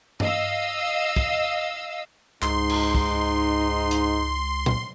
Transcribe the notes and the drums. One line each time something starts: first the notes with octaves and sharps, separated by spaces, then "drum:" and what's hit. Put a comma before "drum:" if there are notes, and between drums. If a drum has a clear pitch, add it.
D#5 F5 E6, drum: tom G2
drum: kick
C#2 G#2 D#4 C6, drum: clap
drum: cymbal
drum: kick
drum: hi-hat
drum: tom A#2